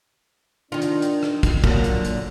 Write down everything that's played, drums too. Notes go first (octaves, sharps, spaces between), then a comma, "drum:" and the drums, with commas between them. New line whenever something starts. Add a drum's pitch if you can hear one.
D#3 D4 F4
drum: hi-hat
drum: hi-hat
drum: rim click
drum: kick, hi-hat
A#2 D3 F#3 A#3, drum: kick
drum: hi-hat
drum: hi-hat